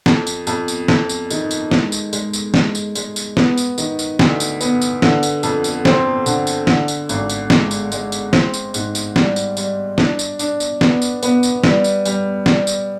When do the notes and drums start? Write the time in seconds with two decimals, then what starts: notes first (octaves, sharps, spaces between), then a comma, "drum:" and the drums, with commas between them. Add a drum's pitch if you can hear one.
0.06 F2, drum: snare
0.27 drum: tambourine
0.47 F2, drum: tambourine
0.68 drum: tambourine
0.88 F2, drum: snare
1.09 drum: tambourine
1.30 D#3, drum: tambourine
1.51 drum: tambourine
1.71 G#3, drum: snare
1.92 drum: tambourine
2.13 G#3, drum: tambourine
2.33 drum: tambourine
2.54 G#3, drum: snare
2.75 drum: tambourine
2.95 G#3, drum: tambourine
3.16 drum: tambourine
3.37 B3, drum: snare
3.57 drum: tambourine
3.78 D#3, drum: tambourine
3.99 drum: tambourine
4.19 D2, drum: snare
4.40 drum: tambourine
4.61 B3, drum: tambourine
4.81 drum: tambourine
5.02 D3, drum: snare
5.23 drum: tambourine
5.43 F2, drum: tambourine
5.64 drum: tambourine
5.85 C4, drum: snare
6.26 D3, drum: tambourine
6.47 drum: tambourine
6.67 D3, drum: snare
6.88 drum: tambourine
7.09 G#1, drum: tambourine
7.30 drum: tambourine
7.50 G#3, drum: snare
7.71 drum: tambourine
7.92 G#3, drum: tambourine
8.12 drum: tambourine
8.33 C4, drum: snare
8.54 drum: tambourine
8.74 G#2, drum: tambourine
8.95 drum: tambourine
9.16 G3, drum: snare
9.36 drum: tambourine
9.57 G3, drum: tambourine
9.98 D4, drum: snare
10.19 drum: tambourine
10.39 D4, drum: tambourine
10.60 drum: tambourine
10.81 B3, drum: snare
11.02 drum: tambourine
11.23 B3, drum: tambourine
11.43 drum: tambourine
11.64 G3, drum: snare
11.84 drum: tambourine
12.05 G3, drum: tambourine
12.46 G3, drum: snare
12.67 drum: tambourine